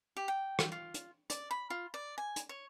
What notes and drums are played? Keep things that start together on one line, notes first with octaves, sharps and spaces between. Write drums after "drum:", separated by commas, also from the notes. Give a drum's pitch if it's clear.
G4
G5
drum: rim click
F4
drum: hi-hat
D5, drum: hi-hat
B5
F4
D5
G#5
drum: hi-hat
C#5